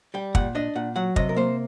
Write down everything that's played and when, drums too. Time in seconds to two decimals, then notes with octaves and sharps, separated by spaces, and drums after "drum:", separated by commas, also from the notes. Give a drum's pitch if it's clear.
0.14 G3 G5
0.35 A#2 F#5, drum: kick
0.55 D4 D#5
0.75 A#2 F#5
0.96 F#3 F#5
1.16 C3 D#5, drum: kick
1.29 A#4
1.36 A#3 C5